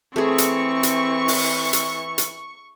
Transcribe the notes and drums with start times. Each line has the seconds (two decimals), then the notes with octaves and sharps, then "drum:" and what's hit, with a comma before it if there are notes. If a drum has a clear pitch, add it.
0.16 E3 A3 C4 G#4 C#6
0.38 drum: hi-hat
0.83 drum: hi-hat
1.28 drum: open hi-hat
1.73 drum: hi-hat
2.18 drum: hi-hat